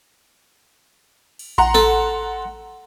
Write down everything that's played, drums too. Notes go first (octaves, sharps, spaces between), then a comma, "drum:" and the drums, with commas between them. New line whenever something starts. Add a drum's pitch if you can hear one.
drum: cymbal
F#5 A#5 C6, drum: kick A#1
A4, drum: snare